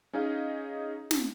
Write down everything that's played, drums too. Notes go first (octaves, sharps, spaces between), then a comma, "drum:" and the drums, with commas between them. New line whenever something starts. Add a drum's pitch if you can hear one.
C#4 D#4 G#4 D#5 F5
drum: snare